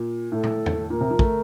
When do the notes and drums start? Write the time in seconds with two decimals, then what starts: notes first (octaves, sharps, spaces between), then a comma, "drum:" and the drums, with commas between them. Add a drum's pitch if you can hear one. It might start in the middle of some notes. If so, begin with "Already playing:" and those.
Already playing: A#2
0.32 A2 A4
0.43 drum: tom
0.66 drum: tom E2
0.90 A#2 A#4
1.01 C3
1.10 F3
1.19 A3, drum: kick